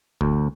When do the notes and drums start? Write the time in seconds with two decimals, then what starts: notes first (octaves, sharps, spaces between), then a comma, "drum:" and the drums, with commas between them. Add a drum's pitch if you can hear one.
0.21 D2, drum: kick